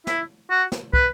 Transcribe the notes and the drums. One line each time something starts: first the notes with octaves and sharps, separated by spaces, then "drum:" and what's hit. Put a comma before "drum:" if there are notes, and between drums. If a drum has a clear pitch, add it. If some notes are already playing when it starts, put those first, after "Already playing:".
E4, drum: snare
F#4
drum: snare
B4, drum: kick